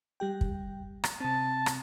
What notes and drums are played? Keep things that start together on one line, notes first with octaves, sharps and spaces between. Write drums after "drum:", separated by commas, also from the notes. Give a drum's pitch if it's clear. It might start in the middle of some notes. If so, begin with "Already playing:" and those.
G3 G4 G5
drum: kick
drum: rim click
C3 C4 A5
drum: rim click